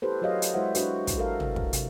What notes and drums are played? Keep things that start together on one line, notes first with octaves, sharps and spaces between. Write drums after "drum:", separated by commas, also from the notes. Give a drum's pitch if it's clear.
E4 G4 A4 B4 C5
F#3 F#4 G#4 C#5 D#5 F5
drum: hi-hat
G#3 E4 F#4 C5 E5 F#5
D4 F#4 B4, drum: hi-hat
drum: kick, hi-hat
A4 A#4 F5
drum: tom
drum: kick
C3, drum: hi-hat